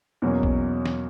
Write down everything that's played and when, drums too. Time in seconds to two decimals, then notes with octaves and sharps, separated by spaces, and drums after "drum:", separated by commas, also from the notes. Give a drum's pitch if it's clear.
0.22 E2 B2 F#3 A#3 C#4
0.43 drum: kick A#1
0.86 drum: snare